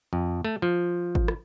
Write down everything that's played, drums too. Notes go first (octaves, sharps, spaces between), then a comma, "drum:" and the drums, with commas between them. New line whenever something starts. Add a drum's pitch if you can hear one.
F2
A3
F3
drum: kick G#1
drum: rim click